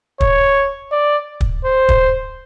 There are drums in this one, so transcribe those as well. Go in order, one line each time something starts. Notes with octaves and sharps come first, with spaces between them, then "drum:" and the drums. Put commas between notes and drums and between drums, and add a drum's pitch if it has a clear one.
C#5, drum: kick
D5
drum: kick
C5
drum: kick